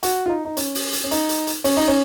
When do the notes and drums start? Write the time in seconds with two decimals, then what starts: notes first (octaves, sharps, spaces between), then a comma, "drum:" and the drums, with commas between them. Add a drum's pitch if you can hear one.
0.03 F#4, drum: hi-hat
0.26 F4
0.29 D#4
0.45 D#4
0.57 C#4, drum: hi-hat
0.75 drum: open hi-hat
0.93 drum: hi-hat
1.04 C#4
1.11 D#4, drum: hi-hat
1.29 drum: hi-hat
1.47 drum: hi-hat
1.64 C#4, drum: open hi-hat
1.77 D#4
1.88 C#4